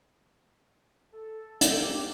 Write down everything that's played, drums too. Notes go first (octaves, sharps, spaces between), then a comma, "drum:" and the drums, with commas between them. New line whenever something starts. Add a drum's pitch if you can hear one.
A4
A#3 C#4 A4 G5, drum: hi-hat
E2 G4 D6